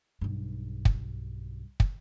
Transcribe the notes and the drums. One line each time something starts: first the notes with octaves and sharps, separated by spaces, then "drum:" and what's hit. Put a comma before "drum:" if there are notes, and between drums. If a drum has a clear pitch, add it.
B1 G2
drum: kick
drum: kick